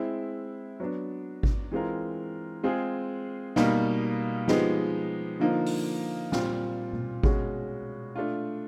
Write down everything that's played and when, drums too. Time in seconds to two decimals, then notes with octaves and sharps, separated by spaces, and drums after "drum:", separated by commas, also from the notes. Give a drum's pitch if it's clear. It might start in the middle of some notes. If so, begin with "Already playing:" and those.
Already playing: G#3 C4 E4
0.80 F#3 B3 D4
1.43 drum: kick G#1
1.71 E3 G#3 C4 F4 A#4
2.63 G#3 C4 F4 G#4
3.56 B2 G3 A#3 D#4, drum: snare
4.48 F3 G#3 B3 D#4 G4, drum: snare
5.40 D3 F3 A#3 D#4
5.66 drum: open hi-hat
6.32 A#2 G3 C4 F4, drum: snare
6.93 drum: tom B2
7.23 B2 G#3 C#4 F#4, drum: kick G#1
8.15 A3 D4 F4